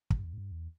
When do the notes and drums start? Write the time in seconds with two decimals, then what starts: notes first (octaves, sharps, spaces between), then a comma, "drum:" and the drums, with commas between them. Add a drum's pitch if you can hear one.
0.10 G2, drum: kick
0.24 E2
0.33 G#2
0.38 G2
0.52 E2